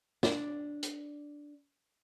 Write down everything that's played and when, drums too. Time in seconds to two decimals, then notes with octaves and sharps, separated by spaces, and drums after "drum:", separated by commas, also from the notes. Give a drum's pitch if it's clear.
0.23 D4 D5, drum: snare
0.83 drum: hi-hat